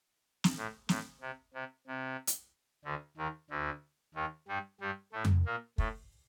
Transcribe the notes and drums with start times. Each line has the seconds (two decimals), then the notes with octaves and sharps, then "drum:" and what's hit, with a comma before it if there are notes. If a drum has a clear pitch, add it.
0.44 drum: snare
0.57 A2
0.89 A2, drum: snare
1.21 C3
1.54 C3
1.87 C3
2.27 drum: hi-hat
2.85 D2 D3
3.17 D#2 D#3
3.50 D2 D3
4.15 D#2 D#3
4.48 G2 G3
4.80 G2 G3
5.13 A2 A3
5.25 drum: tom F2
5.46 A#2 A#3
5.78 A2 A3, drum: kick